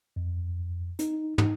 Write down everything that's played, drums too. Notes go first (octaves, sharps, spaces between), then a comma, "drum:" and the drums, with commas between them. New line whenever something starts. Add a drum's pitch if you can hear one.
F2
D#4, drum: hi-hat
D#4, drum: tom